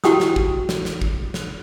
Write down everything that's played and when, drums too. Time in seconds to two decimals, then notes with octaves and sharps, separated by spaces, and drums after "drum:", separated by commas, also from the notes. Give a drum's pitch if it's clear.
0.04 E4 F#4 G4 G5 C#6 D#6, drum: snare
0.20 drum: snare
0.36 drum: kick
0.69 drum: snare
0.85 drum: snare
1.02 drum: kick
1.34 drum: snare